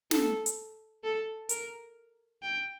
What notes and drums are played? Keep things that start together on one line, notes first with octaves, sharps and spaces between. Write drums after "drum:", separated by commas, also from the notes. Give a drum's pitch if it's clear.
A4, drum: snare
drum: hi-hat
A4
A#4, drum: hi-hat
G5